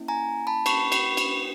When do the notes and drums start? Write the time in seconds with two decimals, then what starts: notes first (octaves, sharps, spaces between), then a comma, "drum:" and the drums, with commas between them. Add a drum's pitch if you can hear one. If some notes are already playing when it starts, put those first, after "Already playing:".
Already playing: A#3 C#4 E4
0.08 G#5 A#5
0.47 A5 B5
0.66 B5 C#6, drum: cymbal
0.92 drum: cymbal
1.17 drum: cymbal